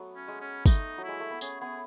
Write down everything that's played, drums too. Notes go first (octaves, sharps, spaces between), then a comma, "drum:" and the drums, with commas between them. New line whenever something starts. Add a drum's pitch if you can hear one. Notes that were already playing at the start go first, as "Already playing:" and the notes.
Already playing: F#3 A3 B3
C#4
G#3
C#4
A3 D#4, drum: kick, tambourine
F#3
G#3 E4
A3
B3
C#4 G#4, drum: tambourine
B3 G#4